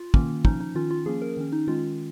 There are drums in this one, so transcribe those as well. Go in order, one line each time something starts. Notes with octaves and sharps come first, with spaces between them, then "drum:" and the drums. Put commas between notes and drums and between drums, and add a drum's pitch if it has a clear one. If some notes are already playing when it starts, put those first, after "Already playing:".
Already playing: F4
D#3 A#3 C#4, drum: kick
F3 C#4 D#4, drum: kick
D#4
D#3 C#4 F4
F4
F3 A#3 C#4 G#4
A#4
D#3 C#4
D#4
D#3 G#3 C#4 F4